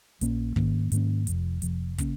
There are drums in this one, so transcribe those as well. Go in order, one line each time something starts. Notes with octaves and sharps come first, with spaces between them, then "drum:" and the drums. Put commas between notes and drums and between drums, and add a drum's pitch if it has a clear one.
A#1 A#2 A#3 C#4, drum: hi-hat
G#2 D#3 A#3 C#4, drum: kick
G#2 D#3 A#3 C#4, drum: hi-hat
F1 F2 F3, drum: hi-hat
F1 F2 F3, drum: hi-hat
C#3 A#3 C#4, drum: kick, hi-hat